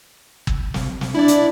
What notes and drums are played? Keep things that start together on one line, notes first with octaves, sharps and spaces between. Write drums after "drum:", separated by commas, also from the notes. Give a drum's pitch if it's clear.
drum: kick G1
drum: snare
drum: snare
D4 E4 D5
drum: hi-hat